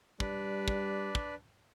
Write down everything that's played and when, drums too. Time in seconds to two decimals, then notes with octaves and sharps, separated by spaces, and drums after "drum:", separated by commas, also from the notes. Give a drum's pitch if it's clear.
0.20 G3 D4 B4 D5, drum: kick
0.68 drum: kick
1.15 drum: kick